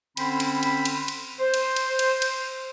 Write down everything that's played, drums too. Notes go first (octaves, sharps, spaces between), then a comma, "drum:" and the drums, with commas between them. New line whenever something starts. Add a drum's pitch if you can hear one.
D3 C4 C#4 C5 B5, drum: cymbal
drum: cymbal
drum: cymbal
drum: cymbal
drum: cymbal
C5
drum: cymbal
drum: cymbal
drum: cymbal
drum: cymbal